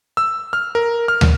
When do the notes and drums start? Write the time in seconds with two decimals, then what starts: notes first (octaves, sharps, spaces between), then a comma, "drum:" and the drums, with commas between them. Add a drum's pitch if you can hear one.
0.17 E6
0.53 F6
0.75 A#4
1.08 F6
1.21 drum: tom